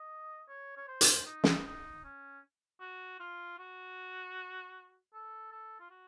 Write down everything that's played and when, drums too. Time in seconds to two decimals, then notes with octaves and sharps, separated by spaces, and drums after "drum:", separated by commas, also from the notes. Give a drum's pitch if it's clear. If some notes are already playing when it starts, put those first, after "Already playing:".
Already playing: D#5
0.49 C#5
0.77 C#5
0.88 C5
1.01 drum: hi-hat
1.26 D#4
1.44 drum: snare
1.66 D#4
2.04 C#4
2.81 F#4
3.20 F4
3.59 F#4
5.14 A4
5.52 A4
5.80 F4
5.91 F#4